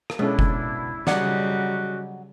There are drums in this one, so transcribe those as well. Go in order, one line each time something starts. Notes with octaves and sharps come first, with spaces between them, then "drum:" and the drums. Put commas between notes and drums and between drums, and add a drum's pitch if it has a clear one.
drum: rim click
B2 G#3 C#4 D4 E4 A4
drum: kick F1
C#3 F#3 G3 F#4 D5 D#5 F#5, drum: snare